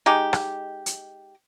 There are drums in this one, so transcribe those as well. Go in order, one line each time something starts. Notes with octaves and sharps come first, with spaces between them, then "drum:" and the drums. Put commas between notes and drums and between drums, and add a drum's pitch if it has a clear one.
G#3 D#4 G4
drum: rim click
drum: hi-hat